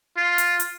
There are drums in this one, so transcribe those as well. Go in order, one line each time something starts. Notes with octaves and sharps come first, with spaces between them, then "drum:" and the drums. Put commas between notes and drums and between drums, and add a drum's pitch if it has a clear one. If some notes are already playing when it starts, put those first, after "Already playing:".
F4
drum: hi-hat
drum: hi-hat